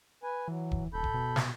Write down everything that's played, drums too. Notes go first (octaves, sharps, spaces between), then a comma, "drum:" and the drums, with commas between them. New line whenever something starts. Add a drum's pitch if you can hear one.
B4 G#5
E3 F#3
drum: kick
D#1 A4 B5 G6
drum: kick
B2
drum: snare